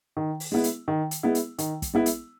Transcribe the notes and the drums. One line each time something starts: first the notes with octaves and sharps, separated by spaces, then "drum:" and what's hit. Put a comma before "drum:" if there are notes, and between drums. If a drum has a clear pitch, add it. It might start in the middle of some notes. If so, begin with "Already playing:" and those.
D#3
drum: open hi-hat
G#3 B3 E4
drum: hi-hat
D#3
drum: hi-hat
G#3 B3 E4
drum: hi-hat
D#3, drum: hi-hat
drum: kick, hi-hat
G#3 B3 E4
drum: hi-hat